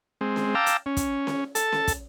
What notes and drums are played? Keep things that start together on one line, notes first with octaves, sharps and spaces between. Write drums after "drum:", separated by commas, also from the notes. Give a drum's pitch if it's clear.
G#3 C4
drum: snare C#4
F5 G5 A5 A#5 D6 E6
drum: hi-hat
C#4
drum: kick, hi-hat
drum: snare C#4
A4 A5, drum: hi-hat
drum: snare C#4
drum: kick, hi-hat